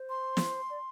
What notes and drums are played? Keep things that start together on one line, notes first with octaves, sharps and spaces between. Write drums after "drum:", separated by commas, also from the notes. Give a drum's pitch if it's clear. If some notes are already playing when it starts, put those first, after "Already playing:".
Already playing: C5
C6
drum: snare
D5